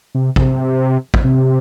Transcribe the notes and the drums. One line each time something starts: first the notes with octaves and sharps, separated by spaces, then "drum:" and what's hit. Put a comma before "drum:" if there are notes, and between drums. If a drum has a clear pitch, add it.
C3
C3, drum: kick
drum: kick
C3